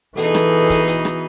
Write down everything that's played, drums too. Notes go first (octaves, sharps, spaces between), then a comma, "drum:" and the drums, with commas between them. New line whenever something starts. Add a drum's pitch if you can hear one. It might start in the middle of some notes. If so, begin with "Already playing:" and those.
B2 E3 D#4 G#4 A4, drum: hi-hat
drum: rim click
drum: kick, hi-hat
drum: hi-hat
drum: rim click